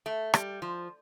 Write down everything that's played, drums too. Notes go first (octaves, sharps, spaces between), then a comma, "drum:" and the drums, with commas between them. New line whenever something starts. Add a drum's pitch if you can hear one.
A3
G3, drum: rim click
F3